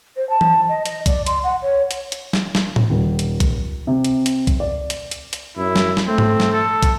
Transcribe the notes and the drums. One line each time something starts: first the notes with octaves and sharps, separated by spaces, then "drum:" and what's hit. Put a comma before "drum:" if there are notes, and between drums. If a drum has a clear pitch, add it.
C5
A5
drum: tom E3
D#5
D#5, drum: hi-hat
D5, drum: kick, hi-hat
C6, drum: hi-hat
F#5
C#5
drum: hi-hat
drum: hi-hat
drum: snare
drum: snare
drum: tom A2
D#1
drum: hi-hat
drum: kick, hi-hat
C3
drum: hi-hat
drum: hi-hat
drum: kick, hi-hat
D5
drum: hi-hat
drum: hi-hat
drum: hi-hat
F#2 E4
drum: snare
drum: snare
A3 C4
drum: tom G#2
drum: snare
A4
drum: kick, hi-hat